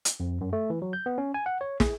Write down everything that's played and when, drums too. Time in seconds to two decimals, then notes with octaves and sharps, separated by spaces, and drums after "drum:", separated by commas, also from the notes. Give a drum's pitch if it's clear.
0.05 drum: hi-hat
0.20 F2
0.41 F#2
0.53 A3
0.70 E3
0.82 F#3
0.93 G6
1.06 B3
1.18 C#4
1.34 G#5
1.46 F#5
1.61 C#5
1.80 G#4, drum: snare